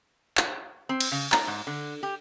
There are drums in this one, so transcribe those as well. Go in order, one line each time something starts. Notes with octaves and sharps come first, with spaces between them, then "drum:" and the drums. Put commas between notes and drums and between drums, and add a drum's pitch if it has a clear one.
drum: clap
C4
drum: cymbal
C#3
A#5, drum: clap
G#2
D3
G4